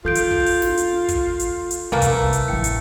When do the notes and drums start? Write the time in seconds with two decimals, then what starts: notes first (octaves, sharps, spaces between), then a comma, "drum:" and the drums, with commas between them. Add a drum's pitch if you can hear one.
0.05 D#3 F4 A4 G6 D7
0.15 drum: hi-hat
0.31 drum: kick
0.46 drum: open hi-hat
0.62 drum: snare
0.77 drum: hi-hat
1.08 drum: kick, hi-hat
1.40 drum: hi-hat
1.71 drum: hi-hat
1.92 C2 C3 E3 A3 A#3
2.02 drum: kick, hi-hat
2.33 drum: hi-hat
2.48 A1 E4 G5 C#7
2.64 drum: hi-hat